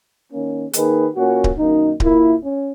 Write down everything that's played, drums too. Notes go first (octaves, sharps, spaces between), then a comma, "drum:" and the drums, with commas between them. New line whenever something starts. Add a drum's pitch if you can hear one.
D#3 A#3 C#4
D#3 A#3 D#4 G#4 B4, drum: hi-hat
A#2 A#3 C#4 F#4
drum: kick D1
F#2 D#3 A#3 D#4
A#2 A#3 E4, drum: kick D1
C#4